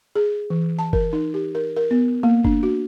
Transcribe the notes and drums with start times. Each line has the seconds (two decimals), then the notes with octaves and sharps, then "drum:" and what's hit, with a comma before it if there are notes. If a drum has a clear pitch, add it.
0.15 G#4
0.50 E3
0.79 A5
0.93 A#4, drum: kick F#1
1.13 D#4
1.34 G4
1.55 A#4
1.76 A#4
1.91 B3
2.23 A#3
2.44 D4, drum: kick F#1
2.63 F#4